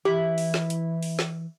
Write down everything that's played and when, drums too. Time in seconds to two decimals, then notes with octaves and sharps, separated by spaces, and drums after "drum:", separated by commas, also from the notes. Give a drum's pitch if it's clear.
0.05 E3 E4 G4
0.38 drum: open hi-hat
0.54 drum: snare
0.70 drum: hi-hat
1.03 drum: open hi-hat
1.19 drum: snare